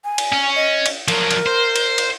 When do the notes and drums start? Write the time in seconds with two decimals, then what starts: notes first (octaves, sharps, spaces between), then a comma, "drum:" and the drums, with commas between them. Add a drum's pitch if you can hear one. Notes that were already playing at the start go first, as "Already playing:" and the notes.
0.04 G#5
0.18 drum: cymbal
0.33 C#4
0.56 D#5
0.86 drum: cymbal
1.08 F3 F#3 A#4, drum: cymbal
1.31 drum: cymbal
1.46 C5
1.76 drum: cymbal
1.98 drum: cymbal